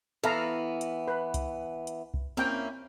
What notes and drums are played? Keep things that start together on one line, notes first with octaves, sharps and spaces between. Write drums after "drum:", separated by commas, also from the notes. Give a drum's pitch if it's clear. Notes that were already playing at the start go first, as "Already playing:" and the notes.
E3 B3 A4 F5 A#5
drum: hi-hat
B4
drum: kick C2, hi-hat
drum: hi-hat
drum: kick C2
A#3 C4 C#4 E4 G5